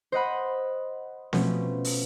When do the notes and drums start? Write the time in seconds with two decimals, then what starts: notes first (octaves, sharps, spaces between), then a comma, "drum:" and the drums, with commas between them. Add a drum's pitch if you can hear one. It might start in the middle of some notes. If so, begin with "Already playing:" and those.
0.12 C5 D#5 F#5 B5
1.33 B2 F3 A3 C#4, drum: snare C4
1.84 drum: open hi-hat